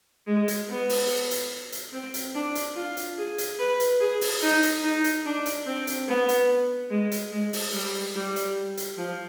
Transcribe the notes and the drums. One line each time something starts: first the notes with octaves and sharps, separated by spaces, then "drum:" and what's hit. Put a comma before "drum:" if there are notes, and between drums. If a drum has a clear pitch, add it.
G#3
drum: hi-hat
B3
drum: open hi-hat
drum: hi-hat
drum: hi-hat
C4
drum: hi-hat
D4
drum: hi-hat
F4
drum: hi-hat
G#4
drum: hi-hat
B4
drum: hi-hat
G#4
drum: open hi-hat
D#4
drum: hi-hat
D#4
drum: hi-hat
D4
drum: hi-hat
C4
drum: hi-hat
B3
drum: hi-hat
G#3
drum: hi-hat
G#3
drum: open hi-hat
G3
G3
drum: hi-hat
drum: hi-hat
F3